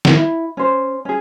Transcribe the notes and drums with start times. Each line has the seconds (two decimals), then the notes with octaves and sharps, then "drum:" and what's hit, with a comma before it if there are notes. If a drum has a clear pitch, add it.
0.05 drum: snare
0.17 E4
0.57 C#4 C5
1.05 C#4 G#4